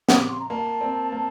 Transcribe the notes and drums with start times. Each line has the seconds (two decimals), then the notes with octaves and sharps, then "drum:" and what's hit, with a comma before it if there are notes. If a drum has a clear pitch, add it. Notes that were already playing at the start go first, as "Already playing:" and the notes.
0.09 D#6, drum: snare
0.18 D6
0.29 C6
0.40 A#5
0.49 A#3 A5
0.81 C4
1.12 A#3